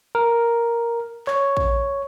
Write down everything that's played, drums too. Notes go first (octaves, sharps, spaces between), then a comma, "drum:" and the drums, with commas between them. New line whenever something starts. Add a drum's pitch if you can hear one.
A#4
C#5, drum: clap
drum: kick A1